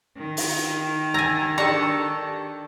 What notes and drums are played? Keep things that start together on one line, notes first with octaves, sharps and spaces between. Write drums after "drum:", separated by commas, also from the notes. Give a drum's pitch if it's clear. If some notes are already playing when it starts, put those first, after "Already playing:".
D#3
drum: open hi-hat
G#5 A#5 E6 G#6 A6
D4 G4 A4 A#5 C#6